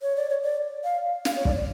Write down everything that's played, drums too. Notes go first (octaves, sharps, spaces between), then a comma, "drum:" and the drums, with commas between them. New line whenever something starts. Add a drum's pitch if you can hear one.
C#5
D5
C#5
D5
F5
F5, drum: snare
C#5
D5, drum: kick